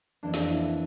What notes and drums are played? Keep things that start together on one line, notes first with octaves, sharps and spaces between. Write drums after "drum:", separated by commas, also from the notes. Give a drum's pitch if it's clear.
F2 E3 A#3 D4
drum: snare
E4